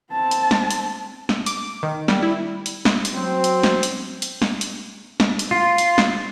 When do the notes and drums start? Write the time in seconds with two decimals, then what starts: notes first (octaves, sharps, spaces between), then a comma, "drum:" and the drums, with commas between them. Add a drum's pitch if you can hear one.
0.12 C4 A5
0.31 drum: hi-hat
0.51 drum: snare
0.70 drum: hi-hat
1.29 drum: snare
1.46 D6, drum: hi-hat
1.83 D#3
2.08 G3, drum: snare
2.23 E4
2.66 drum: hi-hat
2.85 drum: snare
3.05 drum: hi-hat
3.14 F#3 C4
3.44 drum: hi-hat
3.63 drum: snare
3.83 drum: hi-hat
4.22 drum: hi-hat
4.42 drum: snare
4.61 drum: hi-hat
5.20 drum: snare
5.39 drum: hi-hat
5.51 F4
5.78 drum: hi-hat
5.98 drum: snare